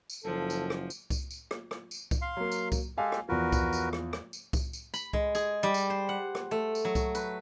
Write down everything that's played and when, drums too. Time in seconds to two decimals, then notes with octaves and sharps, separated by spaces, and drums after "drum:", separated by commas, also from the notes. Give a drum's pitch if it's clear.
0.10 drum: tambourine
0.24 F#1 F3 A4
0.50 drum: tambourine
0.70 drum: rim click
0.90 drum: tambourine
1.10 drum: kick C2, tambourine
1.31 drum: tambourine
1.51 drum: rim click
1.71 drum: rim click
1.91 drum: tambourine
2.11 drum: kick C2, tambourine
2.22 F5 C6
2.37 F#3 A#3
2.52 drum: tambourine
2.72 drum: kick C2, tambourine
2.98 G#3 G4 A4 F5 G#5
3.12 drum: rim click
3.29 E2 F3 F#4 A#4 B4
3.52 drum: kick C2, tambourine
3.73 drum: tambourine
3.93 drum: rim click
4.13 drum: rim click
4.33 drum: tambourine
4.53 drum: kick C2, tambourine
4.73 drum: tambourine
4.94 B5, drum: tambourine
5.13 G#3, drum: kick C2
5.35 G#4, drum: tambourine
5.63 G3
5.74 drum: tambourine
5.90 C5
6.09 F#5
6.35 drum: rim click
6.51 A3
6.75 drum: tambourine
6.85 F#3
6.95 drum: kick C2, tambourine
7.15 B4, drum: tambourine